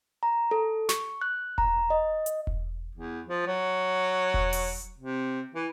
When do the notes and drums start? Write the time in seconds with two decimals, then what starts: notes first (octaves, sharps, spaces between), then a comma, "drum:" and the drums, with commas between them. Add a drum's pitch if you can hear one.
0.23 A#5
0.51 A4
0.89 C#6, drum: snare
1.21 F#6
1.58 A#5, drum: kick E1
1.90 D#5
2.26 drum: hi-hat
2.47 drum: kick E1
2.95 E2
3.27 F3
3.47 F#3
4.34 drum: kick E1
4.53 drum: open hi-hat
4.98 C3
5.54 E3